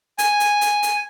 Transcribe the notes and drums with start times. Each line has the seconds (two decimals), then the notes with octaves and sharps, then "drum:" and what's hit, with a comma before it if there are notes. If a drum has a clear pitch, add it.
0.18 G#5, drum: hi-hat
0.40 drum: hi-hat
0.61 drum: hi-hat
0.83 drum: hi-hat